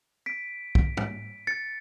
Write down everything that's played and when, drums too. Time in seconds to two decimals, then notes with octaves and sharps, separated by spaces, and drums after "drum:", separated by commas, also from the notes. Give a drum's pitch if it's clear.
0.26 B6 D7
0.75 drum: kick
0.97 drum: tom
1.47 A6 C#7